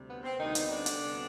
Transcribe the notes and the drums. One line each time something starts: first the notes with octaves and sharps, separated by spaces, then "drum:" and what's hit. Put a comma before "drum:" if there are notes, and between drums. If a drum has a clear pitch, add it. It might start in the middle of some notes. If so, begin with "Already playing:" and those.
Already playing: D2 C3 G3
B3
C4
D2 C3 D#3 G3 B3 D#4
drum: hi-hat
D3 D4
drum: hi-hat
D2 C3 G3 B3